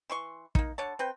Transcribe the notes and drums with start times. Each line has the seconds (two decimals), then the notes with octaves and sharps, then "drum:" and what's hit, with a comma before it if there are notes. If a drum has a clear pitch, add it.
0.10 E3 C6 C#6
0.55 A#3 D#4, drum: kick
0.78 D3 C#5 A5
0.99 C4 B4 G5